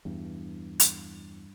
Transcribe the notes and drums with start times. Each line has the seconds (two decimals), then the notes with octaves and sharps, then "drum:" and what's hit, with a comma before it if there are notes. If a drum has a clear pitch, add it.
0.05 E2 G2
0.80 drum: hi-hat